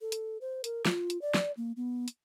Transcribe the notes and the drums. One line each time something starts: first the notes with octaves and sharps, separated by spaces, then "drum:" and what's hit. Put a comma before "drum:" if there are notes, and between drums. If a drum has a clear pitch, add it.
A4
drum: hi-hat
C5
A#4, drum: hi-hat
F4, drum: snare
drum: hi-hat
D5
drum: snare
A#3
B3
drum: hi-hat